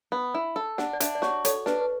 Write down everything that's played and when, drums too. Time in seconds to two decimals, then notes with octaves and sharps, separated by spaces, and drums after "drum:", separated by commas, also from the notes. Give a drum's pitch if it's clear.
0.12 B3
0.35 E4
0.56 A4
0.78 D4 F#5, drum: snare
0.93 D5
1.00 D4 E5, drum: hi-hat
1.15 D5
1.22 F#4 C#5, drum: snare
1.45 A4 C#5, drum: hi-hat
1.66 D4 B4, drum: snare
1.81 B4